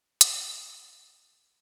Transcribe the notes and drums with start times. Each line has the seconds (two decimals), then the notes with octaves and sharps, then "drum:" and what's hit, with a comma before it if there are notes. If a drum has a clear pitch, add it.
0.21 D4 F4, drum: hi-hat